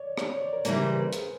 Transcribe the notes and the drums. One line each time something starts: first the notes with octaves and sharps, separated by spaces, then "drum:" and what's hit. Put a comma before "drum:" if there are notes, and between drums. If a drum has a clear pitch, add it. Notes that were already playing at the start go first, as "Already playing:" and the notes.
Already playing: C#5 D5
C5, drum: rim click
C#5
D5
A#4
C#3 E3 G3 A#3 C5, drum: hi-hat
C5
B4
A#4
G#4, drum: hi-hat